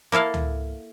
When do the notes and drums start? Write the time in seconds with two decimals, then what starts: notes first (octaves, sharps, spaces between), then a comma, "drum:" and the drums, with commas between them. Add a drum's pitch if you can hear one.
0.12 A#3 E4 A4 F5
0.34 drum: tom C#2